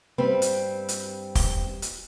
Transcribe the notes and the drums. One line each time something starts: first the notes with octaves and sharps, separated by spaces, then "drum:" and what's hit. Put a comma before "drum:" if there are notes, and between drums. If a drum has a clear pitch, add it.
G2 G3 C4 B4
drum: hi-hat
drum: hi-hat
drum: kick, open hi-hat
drum: hi-hat